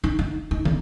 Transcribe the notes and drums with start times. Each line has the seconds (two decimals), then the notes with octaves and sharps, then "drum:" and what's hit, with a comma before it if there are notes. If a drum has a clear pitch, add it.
0.04 D#4
0.19 D#4
0.51 D#4
0.65 D#4, drum: tom